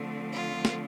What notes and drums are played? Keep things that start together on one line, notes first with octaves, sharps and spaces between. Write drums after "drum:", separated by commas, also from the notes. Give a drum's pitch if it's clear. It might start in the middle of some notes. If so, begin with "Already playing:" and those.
Already playing: D3 F3 A3 C4
F4
drum: snare